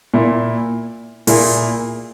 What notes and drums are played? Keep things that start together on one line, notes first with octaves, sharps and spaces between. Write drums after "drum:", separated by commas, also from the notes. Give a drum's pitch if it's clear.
A#2 A#3 E4
A#2 A#3 E4 G#4, drum: open hi-hat